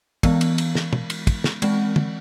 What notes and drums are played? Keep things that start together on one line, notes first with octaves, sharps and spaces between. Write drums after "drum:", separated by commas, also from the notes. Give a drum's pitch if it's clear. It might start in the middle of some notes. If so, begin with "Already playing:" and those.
E3 G#3 B3, drum: kick, cymbal
drum: cymbal
drum: cymbal
drum: snare
drum: tom
drum: cymbal
drum: kick, cymbal
drum: snare
E3 G#3 C4, drum: cymbal
drum: tom